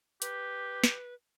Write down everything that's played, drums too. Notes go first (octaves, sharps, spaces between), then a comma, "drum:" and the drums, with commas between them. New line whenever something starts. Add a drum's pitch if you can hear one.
G4 B4, drum: hi-hat
drum: snare